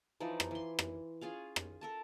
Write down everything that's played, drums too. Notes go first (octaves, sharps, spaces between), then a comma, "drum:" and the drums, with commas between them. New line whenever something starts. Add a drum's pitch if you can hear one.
E3 F3 D#4 D5
drum: rim click
E3 C6
drum: rim click
C#4 F4 G#4 F5
drum: rim click
A4 A#4 A5